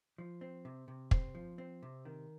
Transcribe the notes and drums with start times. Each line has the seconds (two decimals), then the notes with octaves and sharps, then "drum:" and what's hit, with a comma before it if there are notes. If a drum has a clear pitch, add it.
0.18 F3
0.41 C4
0.65 C3
0.88 C3
1.11 C4, drum: kick
1.35 F3
1.58 C4
1.83 C3
2.05 D#3